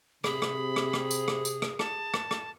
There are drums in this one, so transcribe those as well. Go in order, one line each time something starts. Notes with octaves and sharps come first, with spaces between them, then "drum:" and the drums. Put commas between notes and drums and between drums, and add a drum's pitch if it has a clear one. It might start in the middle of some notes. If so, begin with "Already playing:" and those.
C3 G#4 B5, drum: rim click
drum: rim click
drum: rim click
drum: rim click
drum: tambourine
drum: rim click
drum: tambourine
drum: rim click
A5, drum: rim click
drum: rim click
drum: rim click